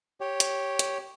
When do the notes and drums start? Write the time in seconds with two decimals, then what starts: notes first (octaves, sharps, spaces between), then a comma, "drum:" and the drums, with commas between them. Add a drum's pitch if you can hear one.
0.21 G4 C#5
0.40 drum: hi-hat
0.79 drum: hi-hat